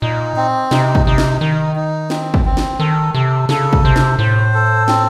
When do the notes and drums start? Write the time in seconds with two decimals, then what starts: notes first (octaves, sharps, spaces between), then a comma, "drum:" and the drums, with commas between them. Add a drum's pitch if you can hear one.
0.02 A#2 D#4
0.36 C4
0.71 C3 D#4, drum: snare
0.95 drum: kick
1.06 C3 D#4
1.18 drum: snare
1.41 D#3 D#4
1.76 D#4
2.10 C4, drum: snare
2.34 drum: kick
2.46 C4
2.57 drum: snare
2.80 D#3 A4
3.15 C3 A4
3.49 C#3 A4, drum: snare
3.73 drum: kick
3.84 C3 C5
3.96 drum: snare
4.19 A2 C5
4.54 A4
4.88 C4, drum: snare